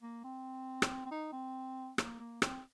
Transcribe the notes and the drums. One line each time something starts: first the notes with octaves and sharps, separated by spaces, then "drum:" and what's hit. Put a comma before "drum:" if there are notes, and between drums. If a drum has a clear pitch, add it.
A#3
C4
drum: rim click
C4
D#4
C4
A#3, drum: rim click
A#3
C4, drum: rim click